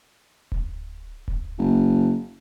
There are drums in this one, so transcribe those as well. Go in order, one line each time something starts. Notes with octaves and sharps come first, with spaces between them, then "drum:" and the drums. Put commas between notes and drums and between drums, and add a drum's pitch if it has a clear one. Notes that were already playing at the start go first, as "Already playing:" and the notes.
drum: kick D1
drum: kick D1
F#1